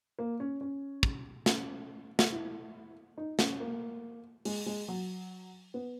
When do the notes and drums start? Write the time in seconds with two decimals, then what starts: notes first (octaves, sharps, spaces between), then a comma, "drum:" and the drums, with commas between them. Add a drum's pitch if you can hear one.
0.19 A#3
0.40 C#4
0.61 C#4
1.03 drum: kick
1.46 C#4, drum: snare
2.19 drum: snare
2.32 E4
3.18 D#4
3.39 C#4, drum: snare
3.60 A#3
4.45 G#3, drum: open hi-hat
4.66 G#3
4.88 F#3
5.74 B3